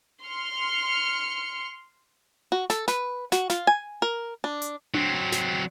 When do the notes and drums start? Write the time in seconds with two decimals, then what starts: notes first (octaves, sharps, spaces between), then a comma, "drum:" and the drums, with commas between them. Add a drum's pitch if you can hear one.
0.24 C6 F6 C#7
2.52 F#4
2.70 A4, drum: snare
2.88 B4, drum: snare
3.32 F#4, drum: snare
3.50 F4, drum: snare
3.67 G#5
4.02 A#4
4.44 D4
4.62 drum: hi-hat
4.94 F#3 C4, drum: tom D4
5.32 drum: snare